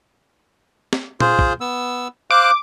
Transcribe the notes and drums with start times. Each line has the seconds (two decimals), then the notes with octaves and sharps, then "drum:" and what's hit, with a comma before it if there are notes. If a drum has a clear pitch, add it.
0.93 drum: snare
1.20 F4 G#4 C5, drum: tom
1.39 drum: kick
1.61 B3 E6
2.31 C5 F5 D6 F#6